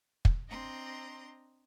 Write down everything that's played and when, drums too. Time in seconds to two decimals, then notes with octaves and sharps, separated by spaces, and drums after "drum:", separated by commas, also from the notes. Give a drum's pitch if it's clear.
0.25 drum: kick
0.49 C4 D4 D#5 A#5 C6